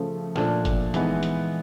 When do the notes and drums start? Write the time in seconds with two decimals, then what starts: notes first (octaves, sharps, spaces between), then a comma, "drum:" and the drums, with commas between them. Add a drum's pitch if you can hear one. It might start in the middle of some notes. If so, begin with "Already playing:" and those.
Already playing: C#3 F3 A3
0.36 A#2 F3 A3 D4, drum: snare
0.65 drum: kick, hi-hat
0.94 E3 G#3 B3 D#4, drum: hi-hat
1.23 drum: hi-hat